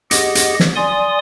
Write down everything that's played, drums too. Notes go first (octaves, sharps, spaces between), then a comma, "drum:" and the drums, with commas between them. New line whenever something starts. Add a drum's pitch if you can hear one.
G4 G#4 D#5 F#5, drum: hi-hat
drum: hi-hat
drum: snare
D5 G#5 C6 D#6